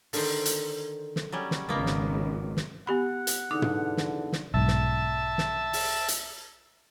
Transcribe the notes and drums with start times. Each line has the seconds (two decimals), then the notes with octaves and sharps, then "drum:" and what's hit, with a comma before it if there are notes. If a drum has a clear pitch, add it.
0.13 D3 D#3 C5, drum: open hi-hat
0.45 drum: hi-hat
1.16 drum: snare
1.32 F#3 G3 C#4
1.51 drum: snare
1.69 G#1 C#2 B2 A#3 B3
1.86 drum: snare
2.57 drum: snare
2.87 B3 G4 F#5 B5
3.27 drum: hi-hat
3.51 E2 B2 D3 D#4 D6
3.62 drum: tom
3.97 drum: snare
4.32 drum: snare
4.54 B1 G#2 E5 A5
4.68 drum: snare
5.38 drum: snare
5.73 drum: open hi-hat
6.08 drum: hi-hat